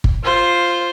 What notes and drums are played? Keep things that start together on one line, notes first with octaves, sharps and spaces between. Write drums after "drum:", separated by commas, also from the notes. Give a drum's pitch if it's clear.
drum: kick G1
F4 C5